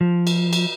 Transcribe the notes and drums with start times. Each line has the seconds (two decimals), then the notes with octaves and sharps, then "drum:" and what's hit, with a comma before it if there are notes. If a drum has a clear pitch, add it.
0.01 F3
0.27 drum: cymbal
0.53 drum: cymbal